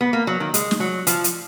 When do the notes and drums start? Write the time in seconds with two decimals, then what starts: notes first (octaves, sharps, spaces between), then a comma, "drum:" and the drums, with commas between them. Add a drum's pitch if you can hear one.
0.01 B3
0.13 A#3
0.27 F#3
0.40 D#3
0.54 G#3, drum: hi-hat
0.71 drum: snare
0.80 F#3
1.07 F3, drum: hi-hat
1.24 drum: hi-hat